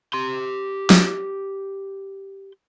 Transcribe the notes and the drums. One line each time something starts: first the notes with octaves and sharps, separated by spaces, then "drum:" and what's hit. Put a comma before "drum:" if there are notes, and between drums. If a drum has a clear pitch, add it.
G4 C6
drum: snare